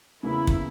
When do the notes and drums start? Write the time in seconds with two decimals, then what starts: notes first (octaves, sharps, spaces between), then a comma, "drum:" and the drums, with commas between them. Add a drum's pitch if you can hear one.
0.23 E2 C#3 F#3 A#3 C#4 E4
0.47 drum: kick